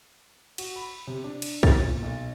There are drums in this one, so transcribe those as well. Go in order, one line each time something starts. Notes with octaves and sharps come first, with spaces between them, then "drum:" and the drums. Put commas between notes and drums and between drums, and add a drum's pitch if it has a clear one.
F#4, drum: cymbal
B5
C3
D4
drum: cymbal
A6, drum: kick B1
A#2
B1